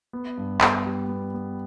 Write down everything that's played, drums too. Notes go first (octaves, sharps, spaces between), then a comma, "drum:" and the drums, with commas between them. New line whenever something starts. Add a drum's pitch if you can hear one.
B3
G2
B3, drum: clap
G3
B3
B3